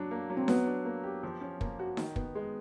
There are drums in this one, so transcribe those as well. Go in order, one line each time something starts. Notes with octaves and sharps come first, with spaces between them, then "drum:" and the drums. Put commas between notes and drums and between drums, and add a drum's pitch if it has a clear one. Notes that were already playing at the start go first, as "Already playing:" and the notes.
Already playing: F#3 D4
A#3
F#3
C4
F#3 B3, drum: snare D#4
D4
A#3
G4
F3
C#4
A#3, drum: kick
F#4
D#3, drum: snare D#4
B3, drum: kick
G#3